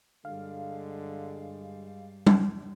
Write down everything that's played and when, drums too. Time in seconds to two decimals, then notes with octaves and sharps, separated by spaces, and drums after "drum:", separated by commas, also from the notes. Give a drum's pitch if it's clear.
0.25 G2 D3 G3 G#3 F5
2.27 drum: tom G3